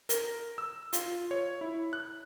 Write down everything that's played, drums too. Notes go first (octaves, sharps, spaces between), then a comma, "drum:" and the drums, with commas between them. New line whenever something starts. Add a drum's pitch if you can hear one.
A#4, drum: hi-hat
E6
F4, drum: hi-hat
C#5
E4
F#6